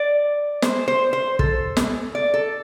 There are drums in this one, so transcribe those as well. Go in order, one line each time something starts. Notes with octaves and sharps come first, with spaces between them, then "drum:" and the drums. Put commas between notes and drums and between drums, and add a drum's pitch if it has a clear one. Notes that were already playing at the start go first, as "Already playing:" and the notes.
Already playing: D5
C5, drum: snare
C5
C5
A4, drum: kick
drum: snare
D5
A4